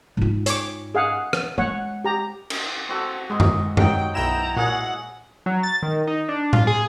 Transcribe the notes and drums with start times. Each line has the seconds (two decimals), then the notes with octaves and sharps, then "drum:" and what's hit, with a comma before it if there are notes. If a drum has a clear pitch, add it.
0.17 G#2 F4
0.46 C#5 D6, drum: hi-hat
0.95 G#4 F5 F#5
1.33 drum: rim click
1.58 G#3 C#5 F#5
2.04 G4 A#5
2.50 drum: cymbal
2.89 C4 F#4 A4
3.30 G#2 G#3 C6
3.40 drum: tom F#2
3.77 F#3 D#4 F#5 G5, drum: tom F#2
4.15 B1 E4 F#5 G5 A#5 E7
4.56 A#2 F#4 G#4 C#5 F#5
5.46 F#3
5.63 A6
5.83 D#3
6.07 D#4
6.29 D4
6.53 F4, drum: tom A2
6.67 G#4